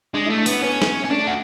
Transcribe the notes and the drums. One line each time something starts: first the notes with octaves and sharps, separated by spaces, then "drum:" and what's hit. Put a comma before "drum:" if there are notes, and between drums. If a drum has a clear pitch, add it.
G#3 D4
E4
A3
D4
B3 C#4, drum: open hi-hat
B3 C#4
drum: snare
C#4
A3 D4
F#4